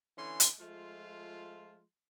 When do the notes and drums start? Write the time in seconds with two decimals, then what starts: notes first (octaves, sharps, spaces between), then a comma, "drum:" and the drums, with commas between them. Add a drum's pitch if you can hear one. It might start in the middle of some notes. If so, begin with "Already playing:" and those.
0.18 D3 E3 C#4 G#5 C6
0.40 drum: hi-hat
0.59 F3 G#3 A3 F4